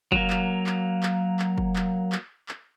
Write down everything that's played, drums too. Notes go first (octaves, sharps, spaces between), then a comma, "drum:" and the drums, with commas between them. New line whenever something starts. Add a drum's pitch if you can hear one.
F#3 A#3, drum: kick
drum: clap
drum: clap
drum: clap
drum: clap
drum: kick
drum: clap
drum: clap
drum: clap